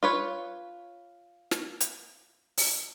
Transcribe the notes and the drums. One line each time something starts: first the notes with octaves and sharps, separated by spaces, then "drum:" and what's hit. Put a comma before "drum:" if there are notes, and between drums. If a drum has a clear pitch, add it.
F4 B4 C#5
drum: snare
drum: hi-hat
drum: open hi-hat